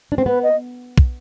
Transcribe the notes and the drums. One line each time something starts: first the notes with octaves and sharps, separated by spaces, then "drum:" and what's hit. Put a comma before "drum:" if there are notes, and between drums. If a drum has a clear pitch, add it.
D4
C4
B3 B4
D#5
drum: kick